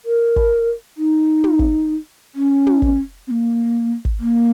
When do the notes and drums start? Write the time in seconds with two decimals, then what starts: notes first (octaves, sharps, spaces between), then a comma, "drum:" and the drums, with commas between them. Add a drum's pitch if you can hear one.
0.05 A#4
0.36 drum: kick
0.98 D#4
1.44 drum: tom
1.59 drum: kick
2.35 C#4
2.67 drum: tom
2.82 drum: kick
3.27 C4
3.31 A#3
4.05 drum: kick
4.20 A#3